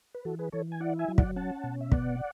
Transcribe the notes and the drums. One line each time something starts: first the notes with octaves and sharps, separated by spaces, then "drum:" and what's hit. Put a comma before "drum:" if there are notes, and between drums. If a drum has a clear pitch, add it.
B4
E3 F#4 A4
G#4 B4
E3 A4 C#5
G#5
E4 D5 F#5
E5 G#5
F#3
D5 F#5, drum: kick
C#4 F#5 A5
B2
E5
B3 D5 F#5, drum: kick